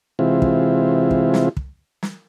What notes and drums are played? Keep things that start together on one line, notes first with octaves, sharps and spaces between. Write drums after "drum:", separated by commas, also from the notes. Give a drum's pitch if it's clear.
C3 E3 G#3 C4 E4 F4
drum: kick
drum: kick
drum: snare
drum: kick
drum: snare